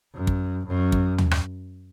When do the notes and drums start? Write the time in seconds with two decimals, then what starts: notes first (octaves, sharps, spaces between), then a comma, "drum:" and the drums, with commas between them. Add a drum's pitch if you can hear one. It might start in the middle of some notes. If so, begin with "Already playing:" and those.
0.14 F#2
0.27 drum: kick
0.66 F#2
0.92 drum: kick
1.18 drum: tom
1.31 drum: rim click